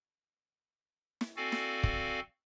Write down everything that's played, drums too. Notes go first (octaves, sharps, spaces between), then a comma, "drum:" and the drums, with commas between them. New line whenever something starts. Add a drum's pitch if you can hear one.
drum: snare
C4 F#4 A4 D5 F5 G#5
drum: snare
drum: kick